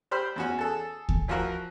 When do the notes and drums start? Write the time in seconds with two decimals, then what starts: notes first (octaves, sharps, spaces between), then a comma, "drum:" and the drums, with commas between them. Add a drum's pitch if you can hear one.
0.11 G4 C5 B5 F6
0.36 E2 C#4 F#4
0.58 G#4 A4 A5
1.09 drum: kick D2
1.28 E3 F3 F4 F#4 A#4